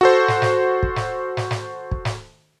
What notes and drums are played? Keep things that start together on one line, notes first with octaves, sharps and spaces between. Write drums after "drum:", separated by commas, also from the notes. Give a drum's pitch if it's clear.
F#4 A4 C5
drum: snare
drum: snare
drum: kick
drum: snare
drum: snare
drum: snare
drum: kick
drum: snare